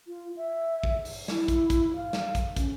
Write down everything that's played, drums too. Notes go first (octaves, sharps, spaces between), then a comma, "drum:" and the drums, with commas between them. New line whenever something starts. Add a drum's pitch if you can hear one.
F4
E5
drum: kick
drum: open hi-hat
E4, drum: snare
drum: kick, hi-hat
drum: kick, hi-hat
F5
drum: snare
drum: kick, hi-hat
C#4, drum: kick, hi-hat